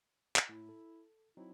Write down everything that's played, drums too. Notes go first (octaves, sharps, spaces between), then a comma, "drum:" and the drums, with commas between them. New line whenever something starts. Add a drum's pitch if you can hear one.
drum: clap
A2 E4
A4
F#3 C4 D#4 E4